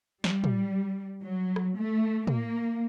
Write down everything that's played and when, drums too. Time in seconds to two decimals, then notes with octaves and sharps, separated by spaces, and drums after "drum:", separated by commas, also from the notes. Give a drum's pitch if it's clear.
0.24 G3, drum: snare
0.44 drum: tom
1.22 F#3
1.56 drum: rim click
1.78 A3
2.27 A#3, drum: tom